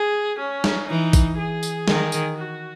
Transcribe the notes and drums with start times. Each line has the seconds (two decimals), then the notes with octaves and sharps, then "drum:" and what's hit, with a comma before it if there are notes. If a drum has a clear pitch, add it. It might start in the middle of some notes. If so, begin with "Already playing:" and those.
Already playing: G#4
0.39 C#4
0.64 drum: snare
0.88 E3 D#4
1.13 drum: kick A1, tambourine
1.39 G#4
1.63 drum: tambourine
1.88 D#3, drum: snare
2.12 drum: tambourine
2.36 F#4